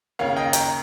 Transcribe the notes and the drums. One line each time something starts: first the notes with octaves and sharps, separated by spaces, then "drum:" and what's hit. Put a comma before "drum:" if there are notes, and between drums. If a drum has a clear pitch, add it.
D#2 C#3 C#5 F5
D#5 G5
G5 A#5, drum: hi-hat